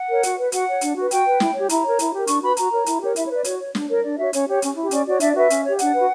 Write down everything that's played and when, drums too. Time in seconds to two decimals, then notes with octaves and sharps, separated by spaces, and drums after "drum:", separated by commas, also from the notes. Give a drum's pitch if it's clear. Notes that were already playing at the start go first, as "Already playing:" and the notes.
Already playing: F#5
0.09 A#4 C#5
0.23 F#4, drum: hi-hat
0.38 B4
0.52 F#4 F#5, drum: hi-hat
0.67 C#5
0.81 D4, drum: hi-hat
0.96 F#4 B4
1.11 F#4 G5, drum: hi-hat
1.26 B4
1.40 E4, drum: snare
1.55 G4 C#5
1.69 E4 A#5, drum: hi-hat
1.84 A#4 C#5
1.99 E4, drum: hi-hat
2.13 G4 A#4
2.27 D4 C#6, drum: hi-hat
2.42 F#4 B4 B5
2.57 F#4 A#5, drum: hi-hat
2.72 A#4 C#5
2.86 E4, drum: hi-hat
3.01 G4 A#4 C#5
3.16 E4 E5, drum: hi-hat
3.26 C#5
3.30 B4
3.35 D5
3.44 F#4 C#5, drum: hi-hat
3.59 C#5
3.75 D4, drum: snare
3.88 A#4 C#5
4.04 D4 D5
4.18 F#4 C#5 E5
4.33 C#4 C#5, drum: hi-hat
4.47 G4 C#5
4.62 C#4, drum: hi-hat
4.76 E4
4.81 G4
4.91 C#4 D5, drum: hi-hat
5.06 F#4 C#5 D5
5.20 D4 E5, drum: hi-hat
5.28 D5
5.35 F#4 B4 E5
5.50 C#4, drum: hi-hat
5.64 G4 C#5
5.79 D4 F#5, drum: hi-hat
5.93 B4
5.99 F#4